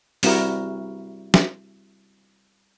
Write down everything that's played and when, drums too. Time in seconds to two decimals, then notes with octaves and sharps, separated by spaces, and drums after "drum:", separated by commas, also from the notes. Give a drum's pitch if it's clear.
0.23 G3 C4 E4 F#4 A#4, drum: open hi-hat
1.34 drum: snare